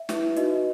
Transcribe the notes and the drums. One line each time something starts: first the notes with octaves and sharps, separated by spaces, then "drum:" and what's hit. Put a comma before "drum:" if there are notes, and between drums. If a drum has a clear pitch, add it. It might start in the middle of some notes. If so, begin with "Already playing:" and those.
Already playing: E5
E4 B4, drum: snare
D#4 F#4 B4 D#5, drum: hi-hat